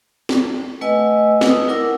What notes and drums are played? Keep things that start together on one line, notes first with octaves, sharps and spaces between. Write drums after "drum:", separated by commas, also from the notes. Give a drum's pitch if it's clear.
drum: snare
A3 B4 D#5 F#5 G#5 E6
B4 D#6, drum: snare
E4 A#4 F#5 D6 E6